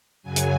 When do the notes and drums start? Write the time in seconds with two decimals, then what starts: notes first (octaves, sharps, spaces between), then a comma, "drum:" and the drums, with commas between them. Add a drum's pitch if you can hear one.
0.22 F#2 C#3 F#3 G#5
0.36 drum: hi-hat